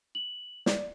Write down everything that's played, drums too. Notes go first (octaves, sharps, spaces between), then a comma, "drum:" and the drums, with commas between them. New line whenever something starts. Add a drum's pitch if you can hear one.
F#7
D5, drum: snare